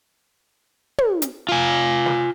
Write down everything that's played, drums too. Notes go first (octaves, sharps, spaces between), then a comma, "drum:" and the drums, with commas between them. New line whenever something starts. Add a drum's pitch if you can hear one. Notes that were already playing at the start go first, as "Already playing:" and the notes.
drum: tom
drum: hi-hat
F4 G#5
drum: snare